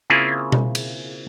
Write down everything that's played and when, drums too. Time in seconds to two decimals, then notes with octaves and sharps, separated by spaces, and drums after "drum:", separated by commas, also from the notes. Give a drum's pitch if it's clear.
0.10 C#3 A#3 C4 E4 F4 G#4
0.52 drum: tom B2
0.75 drum: cymbal